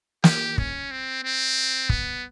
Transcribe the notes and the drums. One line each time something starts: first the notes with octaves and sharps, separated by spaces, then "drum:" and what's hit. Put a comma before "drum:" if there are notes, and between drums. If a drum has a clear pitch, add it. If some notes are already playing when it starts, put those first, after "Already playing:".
G4, drum: snare
C#4, drum: kick
C4
C4
B3, drum: kick